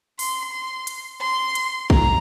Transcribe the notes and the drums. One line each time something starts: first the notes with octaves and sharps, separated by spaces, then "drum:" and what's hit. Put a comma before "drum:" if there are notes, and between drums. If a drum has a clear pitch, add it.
C6, drum: open hi-hat
C6
drum: hi-hat
C6
drum: hi-hat
A#5, drum: kick